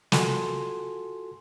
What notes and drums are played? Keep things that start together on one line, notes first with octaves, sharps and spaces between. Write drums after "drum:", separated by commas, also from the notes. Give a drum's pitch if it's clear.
F4 F#4 A4 G#5 C6, drum: snare